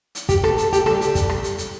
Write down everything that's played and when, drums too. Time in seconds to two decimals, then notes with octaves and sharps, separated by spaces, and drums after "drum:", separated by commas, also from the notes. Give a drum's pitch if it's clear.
0.15 drum: hi-hat
0.29 G4, drum: kick, hi-hat
0.44 A4, drum: rim click
0.58 A4, drum: hi-hat
0.73 G4, drum: hi-hat
0.86 D2 D3 G3 A4, drum: rim click
1.01 G4, drum: hi-hat
1.15 drum: kick, hi-hat
1.29 drum: rim click
1.44 drum: hi-hat
1.58 drum: hi-hat